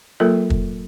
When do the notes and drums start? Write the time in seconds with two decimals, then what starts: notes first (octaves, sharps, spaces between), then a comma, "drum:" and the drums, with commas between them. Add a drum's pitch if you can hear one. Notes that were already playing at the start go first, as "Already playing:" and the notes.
0.20 F#3 A#3 F4 A4 A#4
0.50 drum: kick